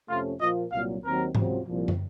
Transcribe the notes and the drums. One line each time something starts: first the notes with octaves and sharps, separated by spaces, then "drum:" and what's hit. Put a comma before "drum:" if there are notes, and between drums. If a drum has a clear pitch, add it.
F2 C3 F3 A3 C#4 F4
A#2 F3 A#3 F4 D#5
C2 A#2 F#3 A#3 F5
D#2 D#3 F#3 C4 A#4
C#2 C3 F#3 C4 F4, drum: tom G#2
C2 A#2 F3
drum: tom